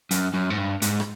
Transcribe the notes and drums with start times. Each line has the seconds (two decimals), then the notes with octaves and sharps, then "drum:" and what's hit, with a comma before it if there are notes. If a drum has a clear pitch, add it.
0.11 F#2, drum: hi-hat
0.34 F#2
0.50 G#2
0.58 G2
0.82 G#2, drum: hi-hat
1.00 drum: rim click